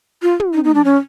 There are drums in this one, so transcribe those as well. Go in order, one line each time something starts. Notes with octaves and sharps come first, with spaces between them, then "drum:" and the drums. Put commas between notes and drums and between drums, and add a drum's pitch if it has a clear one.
F4
drum: tom
D#4
D#4
D4
C#4